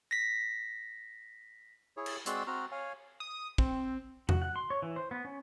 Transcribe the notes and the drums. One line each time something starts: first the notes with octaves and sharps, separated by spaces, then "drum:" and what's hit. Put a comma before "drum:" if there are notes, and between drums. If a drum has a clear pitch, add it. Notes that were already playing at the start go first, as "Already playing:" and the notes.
A#6 B6
E4 G#4 C#5
drum: cymbal
G#3 C4 F#4 D5 C6 E6, drum: hi-hat
C4 F#4 A#5 F6
C#5 F5 G#5
D#6
C4, drum: kick
F#4, drum: tom E2
F#5
C6
C#5
E3
C5
B3
C#4